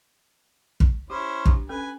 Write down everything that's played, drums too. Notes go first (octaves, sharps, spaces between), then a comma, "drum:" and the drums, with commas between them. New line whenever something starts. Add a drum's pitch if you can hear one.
drum: kick
C#4 E4 G4 C5
D4 G4, drum: kick
C#4 A4 B4 G#5